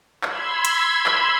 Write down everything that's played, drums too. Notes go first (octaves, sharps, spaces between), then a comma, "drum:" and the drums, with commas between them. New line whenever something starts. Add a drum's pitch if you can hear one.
B5 C6 E6 G#6, drum: clap
drum: hi-hat
drum: clap